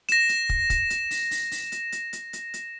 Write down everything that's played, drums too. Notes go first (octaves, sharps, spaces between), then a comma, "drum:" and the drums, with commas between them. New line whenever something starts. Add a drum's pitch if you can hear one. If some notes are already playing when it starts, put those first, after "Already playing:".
A#6 E7, drum: hi-hat
drum: hi-hat
drum: kick
drum: kick, hi-hat
drum: hi-hat
drum: open hi-hat
drum: open hi-hat
drum: open hi-hat
drum: hi-hat
drum: hi-hat
drum: hi-hat
drum: hi-hat
drum: hi-hat